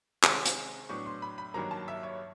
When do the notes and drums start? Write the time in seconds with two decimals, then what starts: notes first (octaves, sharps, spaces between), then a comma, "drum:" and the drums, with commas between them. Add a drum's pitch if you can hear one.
0.24 C3 D#3 G#3 C#4, drum: clap
0.46 drum: hi-hat
0.89 A2 F#3 B3 D4 C#6
1.06 C6
1.22 B5
1.38 B5
1.54 G2 D#3 F#3 A#3 A#5
1.71 A5
1.88 E5
2.03 C#5